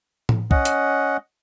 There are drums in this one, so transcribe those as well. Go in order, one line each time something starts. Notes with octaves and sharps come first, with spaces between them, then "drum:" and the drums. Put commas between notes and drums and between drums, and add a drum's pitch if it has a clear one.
drum: tom A2
C#4 D#5 F#5, drum: kick
drum: hi-hat